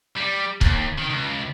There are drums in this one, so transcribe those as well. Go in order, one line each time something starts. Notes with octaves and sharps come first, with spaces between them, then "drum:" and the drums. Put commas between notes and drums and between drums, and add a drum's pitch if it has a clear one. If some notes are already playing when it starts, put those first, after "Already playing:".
G3
D#2, drum: kick
D#3
C#2